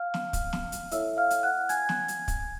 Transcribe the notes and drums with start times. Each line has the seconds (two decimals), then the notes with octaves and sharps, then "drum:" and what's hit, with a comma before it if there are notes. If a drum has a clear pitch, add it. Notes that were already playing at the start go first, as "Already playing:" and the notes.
Already playing: F5 F6
0.14 drum: snare
0.33 drum: kick, hi-hat
0.53 drum: snare
0.72 drum: hi-hat
0.91 E4 A4 C#5 E5 E6, drum: hi-hat
1.17 F5 F6
1.30 drum: hi-hat
1.43 F#5 F#6
1.69 G#5 G#6, drum: hi-hat
1.89 drum: snare
2.08 drum: hi-hat
2.28 drum: kick, hi-hat